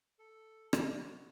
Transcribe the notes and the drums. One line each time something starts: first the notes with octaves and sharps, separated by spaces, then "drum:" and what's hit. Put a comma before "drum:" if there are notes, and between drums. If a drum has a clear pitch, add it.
A4
F#4, drum: rim click